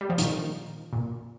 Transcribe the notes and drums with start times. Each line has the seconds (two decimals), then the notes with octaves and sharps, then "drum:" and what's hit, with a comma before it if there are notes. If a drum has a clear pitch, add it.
0.01 G3
0.10 F3
0.18 A#2 D#3, drum: hi-hat
0.93 A#2